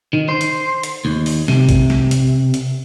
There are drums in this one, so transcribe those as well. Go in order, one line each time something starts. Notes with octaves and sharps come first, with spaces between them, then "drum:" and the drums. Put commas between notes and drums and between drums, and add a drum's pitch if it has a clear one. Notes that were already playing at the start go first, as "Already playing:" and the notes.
D#3
C5
drum: hi-hat
drum: hi-hat
D#2
drum: open hi-hat
C3, drum: snare F#3
drum: kick, hi-hat
drum: snare F#3
drum: hi-hat
drum: hi-hat